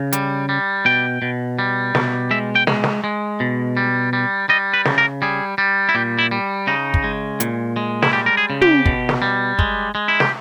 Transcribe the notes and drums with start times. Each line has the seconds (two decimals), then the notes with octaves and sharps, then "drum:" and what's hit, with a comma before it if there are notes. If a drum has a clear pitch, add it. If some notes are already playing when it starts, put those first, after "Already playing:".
Already playing: C#3
0.13 G3, drum: hi-hat
0.49 G3
0.85 B2 G5
1.22 B2
1.59 G3
1.95 B2, drum: snare
2.31 G#3 E5
2.55 G5
2.67 G#3, drum: snare
2.84 drum: snare
3.04 G#3
3.40 B2
3.77 G3
4.13 G3
4.49 G3 D#5
4.74 B4
4.85 C#3, drum: snare
4.98 A#4
5.22 G3 G#4
5.58 G3
5.89 E4
5.95 A#2 G4
6.19 E4
6.31 G3
6.67 C#3 D#4
6.94 drum: kick
7.04 G#3
7.40 A#2, drum: hi-hat
7.76 G#3
8.02 E4, drum: snare
8.13 G3 G4
8.26 A#4
8.37 G#4
8.50 C#3
8.62 G4, drum: tom
8.86 B2, drum: kick
9.09 drum: snare
9.22 G3
9.59 G#3, drum: kick
9.95 G#3
10.08 E4
10.20 G4, drum: snare